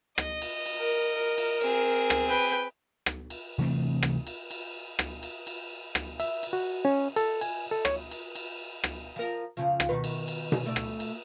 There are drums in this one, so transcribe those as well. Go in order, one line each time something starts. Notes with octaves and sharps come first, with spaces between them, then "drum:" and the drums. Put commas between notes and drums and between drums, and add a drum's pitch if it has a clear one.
D#5, drum: rim click
drum: cymbal
drum: cymbal
A#4
A#4
drum: cymbal
C4 G#4, drum: cymbal
drum: rim click
B4 G5
drum: rim click
drum: cymbal
C3 E3 A3 C4
drum: rim click
drum: cymbal
drum: cymbal
drum: rim click
drum: cymbal
drum: cymbal
drum: rim click
E5, drum: cymbal
drum: cymbal
F#4
C#4
A4, drum: cymbal
G#5, drum: cymbal
A4
C#5, drum: rim click
drum: cymbal
drum: cymbal
drum: rim click
F3 A#4
F2 C#3 F3
drum: rim click
B2 D#3 B4
drum: cymbal
drum: cymbal
drum: tom B2
A3 D5
drum: rim click
drum: cymbal